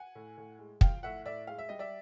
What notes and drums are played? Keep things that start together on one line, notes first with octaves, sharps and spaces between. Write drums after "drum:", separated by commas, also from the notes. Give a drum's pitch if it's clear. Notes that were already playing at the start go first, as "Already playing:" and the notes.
Already playing: F#5 G#5
A2
A2
G#3
F3 F5 G5, drum: kick
A2 E5 F#5
A2 D5 E5
G#3 F5
E5
G3 D#5
D5 E5